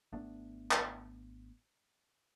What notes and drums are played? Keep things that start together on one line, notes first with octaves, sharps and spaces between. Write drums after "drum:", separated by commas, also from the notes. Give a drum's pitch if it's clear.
G#1 A3 B3 D4
drum: clap